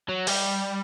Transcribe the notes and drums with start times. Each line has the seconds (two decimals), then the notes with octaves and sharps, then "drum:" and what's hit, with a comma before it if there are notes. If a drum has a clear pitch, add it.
0.09 F#3
0.27 G3, drum: open hi-hat